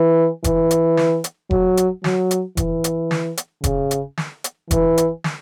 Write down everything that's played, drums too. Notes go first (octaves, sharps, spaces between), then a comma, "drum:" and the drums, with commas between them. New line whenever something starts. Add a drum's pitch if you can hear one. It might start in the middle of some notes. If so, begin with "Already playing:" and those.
Already playing: E3
E3, drum: kick F1, hi-hat
drum: hi-hat
drum: snare
drum: hi-hat
F#3, drum: kick F1
drum: hi-hat
F#3, drum: snare
drum: hi-hat
E3, drum: kick F1, hi-hat
drum: hi-hat
drum: snare
drum: hi-hat
C#3, drum: kick F1, hi-hat
drum: hi-hat
drum: snare
drum: hi-hat
E3, drum: kick F1, hi-hat
drum: hi-hat
drum: snare